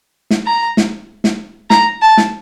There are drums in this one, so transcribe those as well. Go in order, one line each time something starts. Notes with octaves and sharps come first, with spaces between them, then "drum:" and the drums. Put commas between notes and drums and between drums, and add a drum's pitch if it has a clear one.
drum: snare
A#5
drum: snare
drum: snare
A#5, drum: snare
A5
drum: snare